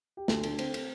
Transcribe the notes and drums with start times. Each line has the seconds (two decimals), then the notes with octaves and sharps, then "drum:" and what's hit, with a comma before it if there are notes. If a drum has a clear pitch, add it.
0.17 G4
0.28 D2 A4, drum: snare
0.43 D3, drum: cymbal
0.59 C4, drum: cymbal
0.74 C4, drum: cymbal